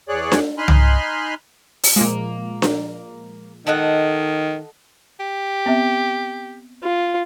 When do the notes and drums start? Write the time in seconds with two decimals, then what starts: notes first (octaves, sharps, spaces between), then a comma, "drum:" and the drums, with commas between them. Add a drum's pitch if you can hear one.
0.09 E2 G#4 C#5 D5 F#6
0.32 drum: snare D4
0.58 D#4 G#5 B5 C6 F6 F#6
0.68 drum: tom C2
1.83 drum: open hi-hat
1.96 A#2 F3 G#3 A#3
2.62 drum: snare D4
3.67 D#3 A4 D#5 F#5
5.20 G4
5.66 B3 C4 E5
6.83 F4